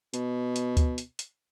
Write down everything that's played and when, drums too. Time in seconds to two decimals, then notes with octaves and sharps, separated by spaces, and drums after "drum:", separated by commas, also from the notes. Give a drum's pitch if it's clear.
0.14 B2, drum: hi-hat
0.56 drum: hi-hat
0.77 drum: kick D2, hi-hat
0.98 drum: hi-hat
1.19 drum: hi-hat